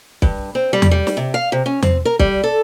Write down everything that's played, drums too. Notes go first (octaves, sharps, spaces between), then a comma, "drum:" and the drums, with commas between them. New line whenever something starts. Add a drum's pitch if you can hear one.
G2, drum: kick
C4
G3
drum: tom E2
G3
drum: snare
C3
F5
C3
C#4
C4, drum: tom E2
A#4
G3, drum: kick
A4